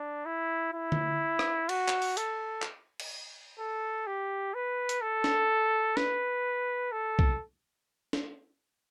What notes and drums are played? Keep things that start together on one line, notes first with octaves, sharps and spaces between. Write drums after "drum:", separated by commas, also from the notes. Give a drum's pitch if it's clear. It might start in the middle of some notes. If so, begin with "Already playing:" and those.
Already playing: D4
E4
E4
drum: tom D3
drum: rim click
F#4, drum: cymbal
drum: clap
drum: open hi-hat
A4, drum: hi-hat
drum: clap
drum: cymbal
A4
G4
B4
drum: hi-hat
A4
drum: snare
B4, drum: snare
A4
drum: kick B1
drum: snare